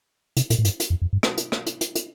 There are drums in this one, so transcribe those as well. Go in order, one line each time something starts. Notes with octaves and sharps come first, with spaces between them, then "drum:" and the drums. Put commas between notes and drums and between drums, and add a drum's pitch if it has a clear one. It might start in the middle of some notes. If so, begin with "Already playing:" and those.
C3, drum: hi-hat
A#2, drum: hi-hat
A2
G2, drum: hi-hat
drum: hi-hat
F2
F2
G2
drum: rim click
drum: hi-hat
drum: rim click
drum: hi-hat
drum: hi-hat
drum: hi-hat